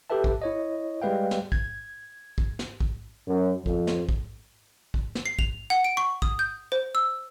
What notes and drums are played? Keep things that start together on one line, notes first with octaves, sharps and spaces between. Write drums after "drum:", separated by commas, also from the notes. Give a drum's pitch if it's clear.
G4 A4 B4 E5 A5
drum: kick
E4 C#5 D#5
G3 G#3 B4 F5 G5
drum: snare
G#6, drum: kick
drum: kick
drum: snare
drum: kick
F#2
F2, drum: kick
drum: snare
drum: kick
drum: kick
drum: snare
C7
F7, drum: kick
F#5
D7
C#6
D#6, drum: kick
G6
C5
E6